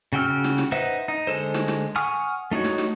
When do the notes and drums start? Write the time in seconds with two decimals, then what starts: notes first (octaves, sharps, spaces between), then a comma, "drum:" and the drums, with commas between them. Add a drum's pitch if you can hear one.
0.13 C#3 F#4 G5 E6 F6
0.44 drum: snare
0.58 drum: snare
0.72 D#4 B4 C5 E5 F#5
1.08 D#4
1.27 D3 G#3 A4 C5
1.54 drum: snare
1.68 drum: snare
1.96 F#5 G#5 C#6 D#6 F6
2.51 A3 D#4 F#4 C#5
2.64 drum: snare
2.78 drum: snare